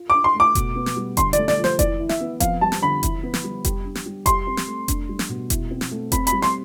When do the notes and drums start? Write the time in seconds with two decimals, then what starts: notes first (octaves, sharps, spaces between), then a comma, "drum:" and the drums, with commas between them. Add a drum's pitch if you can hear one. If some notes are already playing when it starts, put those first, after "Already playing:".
Already playing: F4
0.10 D4 D6
0.24 C6
0.35 A3
0.40 D6
0.55 B2, drum: kick F1, hi-hat
0.76 B3
0.86 drum: snare
0.97 G3
1.17 D3 C6, drum: kick F1, hi-hat
1.33 A3 D5, drum: hi-hat
1.48 D5, drum: snare
1.58 F3
1.64 C5, drum: snare
1.79 E3 D5, drum: kick F1, hi-hat
1.99 E4
2.09 E5, drum: snare
2.20 B3
2.40 F2 F5, drum: kick F1, hi-hat
2.61 G3 A5
2.72 drum: snare
2.82 D3 B5
3.03 E4, drum: kick F1, hi-hat
3.23 B3
3.34 drum: snare
3.44 G3
3.65 G4, drum: kick F1, hi-hat
3.85 D4
3.95 drum: snare
4.06 G3
4.26 G4 C6, drum: kick F1, hi-hat
4.47 C4
4.57 drum: snare
4.67 A3
4.88 D4, drum: kick F1, hi-hat
5.09 G3
5.19 drum: snare
5.29 B2
5.50 E4, drum: kick F1, hi-hat
5.71 C4
5.81 drum: snare
5.91 A3
6.12 C4 B5, drum: kick F1, hi-hat
6.27 B5, drum: hi-hat
6.32 G3
6.42 C6, drum: snare